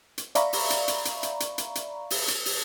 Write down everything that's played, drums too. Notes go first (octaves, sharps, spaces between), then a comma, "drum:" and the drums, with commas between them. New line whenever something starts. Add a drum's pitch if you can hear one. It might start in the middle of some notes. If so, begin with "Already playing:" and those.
drum: hi-hat
D5 E5 F5 A#5 B5 C#6, drum: hi-hat
drum: open hi-hat
drum: hi-hat
drum: hi-hat
drum: hi-hat
drum: hi-hat
drum: hi-hat
drum: hi-hat
drum: hi-hat
drum: open hi-hat
drum: hi-hat
drum: open hi-hat